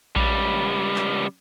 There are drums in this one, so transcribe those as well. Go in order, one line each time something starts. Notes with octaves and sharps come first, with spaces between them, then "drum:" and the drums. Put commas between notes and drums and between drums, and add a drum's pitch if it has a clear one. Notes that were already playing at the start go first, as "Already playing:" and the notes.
C#2 G3, drum: kick A#1
drum: clap